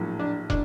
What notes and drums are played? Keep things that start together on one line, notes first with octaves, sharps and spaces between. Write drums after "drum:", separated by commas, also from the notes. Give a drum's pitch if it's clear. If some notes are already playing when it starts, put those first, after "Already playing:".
Already playing: A#1 A2 F#3
D4
D4, drum: kick